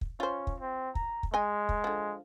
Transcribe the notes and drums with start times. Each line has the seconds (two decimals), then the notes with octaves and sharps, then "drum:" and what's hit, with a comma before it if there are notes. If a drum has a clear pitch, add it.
0.01 drum: kick
0.20 C#4 F4 C5
0.47 drum: kick
0.60 C4
0.95 A#5, drum: kick
1.23 drum: kick
1.34 G#3 D#5 G#5
1.69 drum: kick
1.84 D3 F3